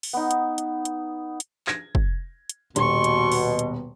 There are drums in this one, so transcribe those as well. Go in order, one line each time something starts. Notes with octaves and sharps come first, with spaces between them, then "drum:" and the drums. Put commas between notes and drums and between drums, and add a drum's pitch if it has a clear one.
drum: open hi-hat
B3 D#4
drum: hi-hat
drum: hi-hat
drum: hi-hat
drum: hi-hat
G#6 A#6, drum: clap
drum: kick
drum: hi-hat
D#1 B2 C6 C#6, drum: hi-hat
drum: hi-hat
drum: open hi-hat
drum: hi-hat